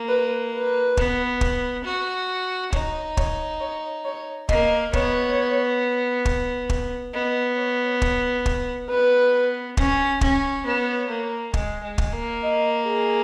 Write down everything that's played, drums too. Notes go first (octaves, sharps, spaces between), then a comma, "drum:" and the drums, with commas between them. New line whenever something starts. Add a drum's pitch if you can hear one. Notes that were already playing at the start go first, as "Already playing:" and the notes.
Already playing: A#3
B4
B4
B3, drum: kick
drum: kick
F#4
D#4 C#5, drum: kick
C#5, drum: kick
C#5
C#5
A#3 D#5, drum: kick
B3 C#5, drum: kick
drum: kick
drum: kick
B3 D#5
C#5
drum: kick
drum: kick
B3 B4
C#4, drum: kick
C#4, drum: kick
B3 C#5
A#3
G#3, drum: kick
G#3
drum: kick
A#3
D#5
G#4